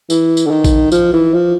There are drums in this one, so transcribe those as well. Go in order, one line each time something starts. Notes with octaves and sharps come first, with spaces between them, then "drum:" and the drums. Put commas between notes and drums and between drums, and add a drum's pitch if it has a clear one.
E3, drum: tambourine
drum: tambourine
D3
D#3
drum: kick A#1, tambourine
F3, drum: tambourine
E3
F3